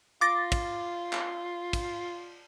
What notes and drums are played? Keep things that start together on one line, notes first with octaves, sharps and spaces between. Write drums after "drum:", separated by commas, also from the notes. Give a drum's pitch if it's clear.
F4 D6 A6 A#6
drum: kick, cymbal
drum: clap
drum: kick, cymbal